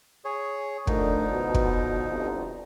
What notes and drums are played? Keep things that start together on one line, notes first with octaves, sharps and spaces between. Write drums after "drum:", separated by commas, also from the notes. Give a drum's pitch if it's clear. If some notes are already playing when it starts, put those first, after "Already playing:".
G#4 C#5
D3 F3 A3 D4 D#4 A#4, drum: kick
B2
drum: kick
G1 D2 C4